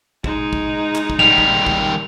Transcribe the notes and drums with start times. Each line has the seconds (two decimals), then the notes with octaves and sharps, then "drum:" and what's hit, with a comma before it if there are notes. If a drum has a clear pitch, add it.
0.24 G#3 D#4, drum: kick
0.53 drum: kick
0.95 drum: clap
1.10 drum: kick
1.19 D#3 G3 F7
1.38 drum: kick
1.67 drum: kick